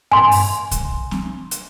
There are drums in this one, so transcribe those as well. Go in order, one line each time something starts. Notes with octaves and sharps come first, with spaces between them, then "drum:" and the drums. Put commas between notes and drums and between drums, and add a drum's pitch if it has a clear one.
G#5 C6, drum: tom G2
drum: open hi-hat
drum: kick, hi-hat
drum: snare C4
drum: hi-hat